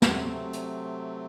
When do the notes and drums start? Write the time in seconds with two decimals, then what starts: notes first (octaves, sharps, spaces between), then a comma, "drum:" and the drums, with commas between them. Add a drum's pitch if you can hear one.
0.02 C3 F#3 A3 C4, drum: snare
0.53 drum: hi-hat